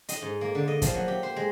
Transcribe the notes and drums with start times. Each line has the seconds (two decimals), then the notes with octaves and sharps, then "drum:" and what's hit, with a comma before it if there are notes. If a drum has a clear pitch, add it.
0.09 D#5, drum: hi-hat
0.22 G#2
0.41 A#3
0.55 D3
0.68 D#5
0.82 F3, drum: kick, hi-hat
0.95 F#3
1.08 G4
1.23 C5
1.36 G#3